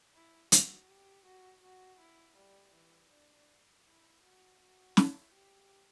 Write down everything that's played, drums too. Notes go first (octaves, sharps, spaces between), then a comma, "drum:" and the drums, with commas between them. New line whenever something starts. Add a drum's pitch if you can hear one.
E4
F#4, drum: hi-hat
G4
F#4
F#4
E4
G3
E3
D4
E4
F#4
F#4
E4, drum: snare
G4